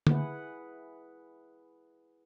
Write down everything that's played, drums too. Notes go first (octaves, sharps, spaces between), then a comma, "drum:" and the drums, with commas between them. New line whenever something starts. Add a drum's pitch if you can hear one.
E4 G#4 B4 F#5, drum: tom D3